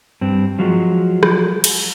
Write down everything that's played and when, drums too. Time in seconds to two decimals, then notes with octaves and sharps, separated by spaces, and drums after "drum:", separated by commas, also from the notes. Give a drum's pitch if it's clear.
0.21 G2 C4
0.59 F3 F#3 G#3
1.23 drum: rim click
1.64 drum: cymbal